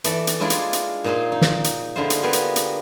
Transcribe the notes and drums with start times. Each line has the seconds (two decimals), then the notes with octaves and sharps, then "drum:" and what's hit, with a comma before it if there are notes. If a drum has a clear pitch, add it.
0.04 E3 A4 D5, drum: hi-hat
0.27 drum: hi-hat
0.40 G#3 D4 E4 F4 G#4 D5
0.50 drum: hi-hat
0.73 drum: hi-hat
1.04 A#2 D#4 G#4 C5 C6
1.32 D#4
1.41 drum: snare
1.64 drum: hi-hat
1.96 D3 G#3 E4 F4 C5
2.10 drum: hi-hat
2.23 B3 F4 G4 G#4 A#4
2.33 drum: hi-hat
2.56 drum: hi-hat